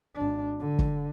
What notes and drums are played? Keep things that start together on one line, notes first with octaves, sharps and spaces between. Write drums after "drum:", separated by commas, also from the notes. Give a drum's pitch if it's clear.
G#1 D4
D3
drum: kick